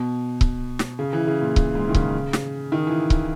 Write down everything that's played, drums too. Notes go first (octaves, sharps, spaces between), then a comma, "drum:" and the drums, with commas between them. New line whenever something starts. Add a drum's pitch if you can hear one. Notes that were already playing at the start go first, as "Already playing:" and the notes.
Already playing: B2
drum: kick C#1
drum: snare
C#3
E3
C#3
A#2
drum: kick C#1
G#2
D#3
C#3, drum: kick C#1
drum: snare
D#3
E3
drum: kick C#1